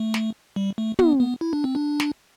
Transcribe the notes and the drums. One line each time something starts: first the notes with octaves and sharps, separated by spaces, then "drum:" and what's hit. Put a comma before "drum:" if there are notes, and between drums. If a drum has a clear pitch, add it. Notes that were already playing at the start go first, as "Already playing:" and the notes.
Already playing: A3
drum: snare
G3
A3
B3, drum: tom
B3
E4
D4
C4
D4
drum: snare